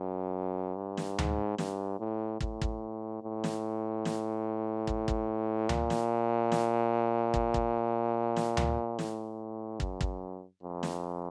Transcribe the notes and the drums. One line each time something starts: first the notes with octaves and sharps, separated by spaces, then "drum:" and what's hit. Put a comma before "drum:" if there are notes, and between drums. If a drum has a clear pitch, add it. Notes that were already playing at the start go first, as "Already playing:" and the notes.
Already playing: F#2
G2
drum: snare
G#2, drum: tom D2
G2, drum: snare
A2
A2, drum: kick
drum: kick
A2
drum: snare
drum: snare
drum: kick
drum: kick
A#2, drum: tom D2
drum: snare
drum: snare
drum: kick
drum: kick
drum: snare
drum: tom D2
A2, drum: snare
F#2, drum: kick
drum: kick
F2
drum: snare